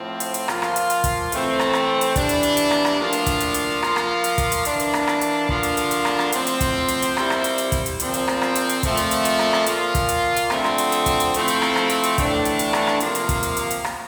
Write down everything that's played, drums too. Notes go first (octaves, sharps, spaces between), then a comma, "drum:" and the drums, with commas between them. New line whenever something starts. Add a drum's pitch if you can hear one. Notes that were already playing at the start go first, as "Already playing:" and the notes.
Already playing: A2 F3 C4
drum: hi-hat
drum: hi-hat
F3 A#3 F4, drum: rim click
drum: rim click
drum: hi-hat
drum: hi-hat
drum: kick, hi-hat
E3 A3 C4, drum: hi-hat
drum: rim click
drum: rim click
drum: hi-hat
E3 G3 D4, drum: kick, hi-hat
drum: hi-hat
drum: hi-hat
drum: hi-hat
drum: rim click
drum: rim click
A2 F3 A#3 D4 F4
drum: hi-hat
drum: kick, hi-hat
drum: hi-hat
drum: hi-hat
F3 A#3 F4, drum: rim click
drum: rim click
drum: hi-hat
drum: kick, hi-hat
drum: hi-hat
E3 A#3 D4, drum: hi-hat
drum: hi-hat
drum: rim click
drum: rim click
drum: hi-hat
D3 F3 A#3 D4 F4, drum: kick
drum: hi-hat
drum: hi-hat
drum: hi-hat
drum: rim click
drum: rim click
A2 F3 C4, drum: hi-hat
drum: hi-hat
drum: kick, hi-hat
drum: hi-hat
drum: hi-hat
A#2 G3 C4 E4, drum: rim click
drum: rim click
drum: hi-hat
drum: hi-hat
drum: kick, hi-hat
drum: hi-hat
A#2 F3 C4, drum: hi-hat
drum: hi-hat
drum: rim click
drum: rim click
drum: hi-hat
drum: hi-hat
A#2 F3 A3 C4 F4, drum: kick, hi-hat
drum: hi-hat
drum: hi-hat
drum: hi-hat
drum: rim click
drum: rim click
A#2 F3 A#3 F4, drum: hi-hat
drum: kick, hi-hat
drum: hi-hat
drum: hi-hat
D3 F3 A3 C4, drum: rim click
drum: rim click
drum: hi-hat
drum: hi-hat
drum: kick, hi-hat
drum: hi-hat
F3 A3 C4 E4, drum: hi-hat
drum: hi-hat
drum: rim click
drum: rim click
drum: hi-hat
drum: hi-hat
A2 E3 A3 D4, drum: kick, hi-hat
drum: hi-hat
drum: hi-hat
drum: rim click
drum: rim click
C3 F3 A#3, drum: hi-hat
drum: hi-hat
drum: kick, hi-hat
drum: hi-hat
drum: hi-hat
drum: hi-hat
drum: rim click